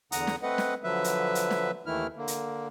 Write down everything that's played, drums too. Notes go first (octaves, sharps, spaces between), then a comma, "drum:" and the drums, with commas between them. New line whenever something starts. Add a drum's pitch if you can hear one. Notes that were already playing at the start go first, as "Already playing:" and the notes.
E2 D3 F#5 A#5 D#6, drum: hi-hat
drum: snare
A3 C4 B4 D#5 F#5
drum: snare
D3 F3 F#3 B4 E5
drum: hi-hat
drum: hi-hat
drum: snare
D#2 D#3 E3 A3 E4 F6
D3 A#3
drum: hi-hat